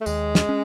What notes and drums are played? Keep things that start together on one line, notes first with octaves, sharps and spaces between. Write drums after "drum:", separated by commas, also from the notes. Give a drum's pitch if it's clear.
A3
D#2 G#3, drum: tambourine
drum: snare
C#4